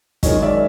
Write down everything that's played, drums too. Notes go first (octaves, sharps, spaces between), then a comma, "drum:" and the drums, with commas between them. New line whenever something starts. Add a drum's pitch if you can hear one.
F#2 D#3 G#3 C#5 D#5, drum: kick, hi-hat
D5 E5